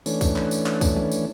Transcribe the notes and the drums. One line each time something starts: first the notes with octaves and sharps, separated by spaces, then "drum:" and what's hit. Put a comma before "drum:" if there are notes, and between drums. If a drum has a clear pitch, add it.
E3 A3 C#4 D4, drum: tambourine
drum: kick, tambourine
drum: clap
drum: tambourine
drum: clap
drum: kick, tambourine
drum: tom D#3
drum: tambourine